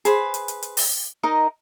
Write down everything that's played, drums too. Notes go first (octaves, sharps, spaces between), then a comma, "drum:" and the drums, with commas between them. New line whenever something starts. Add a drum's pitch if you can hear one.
G#4 B4 C5 B5, drum: hi-hat
drum: hi-hat
drum: hi-hat
drum: hi-hat
drum: open hi-hat
D#4 A#4 D#5